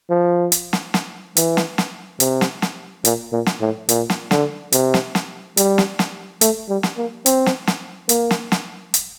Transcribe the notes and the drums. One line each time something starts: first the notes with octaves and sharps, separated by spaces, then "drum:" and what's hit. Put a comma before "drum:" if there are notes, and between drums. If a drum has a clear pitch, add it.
F3
drum: hi-hat
drum: snare
drum: snare
E3, drum: hi-hat
drum: snare
drum: snare
C3, drum: hi-hat
drum: snare
drum: snare
A#2, drum: hi-hat
A#2
drum: snare
A2
A#2, drum: hi-hat
drum: snare
D3, drum: snare
C3, drum: hi-hat
drum: snare
drum: snare
G3, drum: hi-hat
drum: snare
drum: snare
A3, drum: hi-hat
G3
drum: snare
A#3
C4, drum: hi-hat
drum: snare
drum: snare
A#3, drum: hi-hat
drum: snare
drum: snare
drum: hi-hat